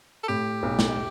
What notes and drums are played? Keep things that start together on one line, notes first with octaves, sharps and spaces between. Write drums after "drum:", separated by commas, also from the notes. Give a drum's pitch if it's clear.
A4
A2 G4
B1
drum: snare